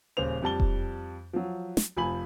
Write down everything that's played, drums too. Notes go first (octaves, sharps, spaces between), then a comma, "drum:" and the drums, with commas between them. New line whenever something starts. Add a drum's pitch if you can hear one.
D#1 C#3 C5 F7
F2 G3 A5 G7
drum: kick E1
F3 F#3
drum: snare
F1 F3 G#5 B5 F#7